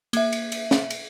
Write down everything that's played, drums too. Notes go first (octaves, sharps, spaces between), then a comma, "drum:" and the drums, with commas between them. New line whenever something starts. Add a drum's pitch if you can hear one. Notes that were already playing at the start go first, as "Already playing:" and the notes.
A#3 E5, drum: cymbal
drum: cymbal
drum: cymbal
drum: snare
drum: cymbal